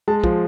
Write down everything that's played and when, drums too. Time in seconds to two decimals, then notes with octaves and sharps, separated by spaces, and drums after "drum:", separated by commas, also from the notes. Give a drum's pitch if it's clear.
0.08 G#3 A5
0.24 F3, drum: kick